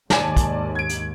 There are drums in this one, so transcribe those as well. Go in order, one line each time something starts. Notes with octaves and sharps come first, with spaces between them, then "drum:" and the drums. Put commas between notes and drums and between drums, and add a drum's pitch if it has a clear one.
D#2 G#2 D5 G#5 A5, drum: snare
drum: kick, hi-hat
G#6 D7
drum: hi-hat